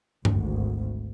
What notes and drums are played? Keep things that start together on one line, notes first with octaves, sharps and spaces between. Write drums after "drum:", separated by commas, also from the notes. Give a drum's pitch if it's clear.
G#1 D2, drum: tom G2